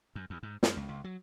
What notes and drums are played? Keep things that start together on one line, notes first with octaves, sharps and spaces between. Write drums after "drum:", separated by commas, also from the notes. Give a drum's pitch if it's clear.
F#2
E2
G#2
F#2, drum: snare
C#2
C#2
F#3